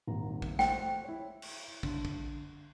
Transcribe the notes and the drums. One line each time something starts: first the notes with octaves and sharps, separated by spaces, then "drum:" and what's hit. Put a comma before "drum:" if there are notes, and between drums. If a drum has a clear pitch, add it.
D#1 G#1 A#5
drum: kick
A3 C5 F#5 G5, drum: snare
E4 C#5
drum: cymbal
D3, drum: kick
drum: kick